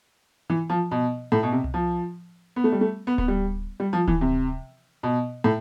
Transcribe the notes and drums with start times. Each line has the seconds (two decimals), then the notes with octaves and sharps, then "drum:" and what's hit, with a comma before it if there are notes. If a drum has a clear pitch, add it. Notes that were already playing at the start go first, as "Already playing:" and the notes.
0.50 E3
0.70 F3
0.91 B2
1.32 A2
1.43 B2
1.52 C3
1.64 drum: tom C2
1.74 F3
2.56 B3
2.64 A3
2.72 G3
2.81 A3
3.07 B3
3.18 B3, drum: kick D1
3.28 G3
3.80 G3
3.93 F3
4.08 E3, drum: kick D1
4.21 C3
5.03 B2
5.44 A2